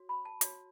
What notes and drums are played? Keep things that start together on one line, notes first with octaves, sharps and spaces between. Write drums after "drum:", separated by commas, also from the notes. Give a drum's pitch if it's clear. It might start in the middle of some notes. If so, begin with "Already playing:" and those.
Already playing: F#4 C#5
B5
A5
F#4 C#5, drum: hi-hat